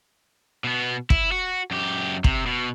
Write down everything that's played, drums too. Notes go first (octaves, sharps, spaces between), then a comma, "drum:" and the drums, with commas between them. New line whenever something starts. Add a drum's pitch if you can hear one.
B2 B3
E4, drum: kick
F#4
F#2 G4
C3, drum: kick
B2